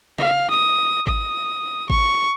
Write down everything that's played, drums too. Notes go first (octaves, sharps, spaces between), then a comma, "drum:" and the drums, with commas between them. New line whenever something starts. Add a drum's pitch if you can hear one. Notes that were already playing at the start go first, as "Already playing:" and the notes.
F5, drum: tom C#3
D#6
D#6, drum: kick G#1
C#6, drum: kick G#1